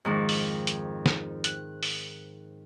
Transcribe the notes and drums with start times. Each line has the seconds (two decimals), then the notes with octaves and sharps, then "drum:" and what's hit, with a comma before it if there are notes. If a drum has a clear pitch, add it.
0.05 F2 G#2 D#3
0.29 drum: open hi-hat
0.67 drum: hi-hat
1.06 drum: snare
1.44 F#6, drum: hi-hat
1.83 drum: open hi-hat